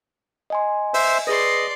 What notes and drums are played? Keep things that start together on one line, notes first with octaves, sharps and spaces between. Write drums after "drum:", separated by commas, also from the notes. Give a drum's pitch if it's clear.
D#5 G#5 C6
C5 E5, drum: open hi-hat
G#4 B4 D5 D#5 C6